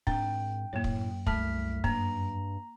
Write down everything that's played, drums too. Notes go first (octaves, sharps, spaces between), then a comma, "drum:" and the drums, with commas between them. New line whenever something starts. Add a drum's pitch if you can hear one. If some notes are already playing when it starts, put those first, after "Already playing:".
G#2 C4 D4 G5, drum: kick
F#2 A2 A#3 C#5
drum: kick
C2 A3 A5 F6 B6, drum: kick
G2 A#3 A#5, drum: kick